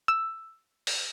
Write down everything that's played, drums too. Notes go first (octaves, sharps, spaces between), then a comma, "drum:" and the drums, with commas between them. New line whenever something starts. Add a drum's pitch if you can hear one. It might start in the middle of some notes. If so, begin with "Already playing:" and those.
E6
drum: open hi-hat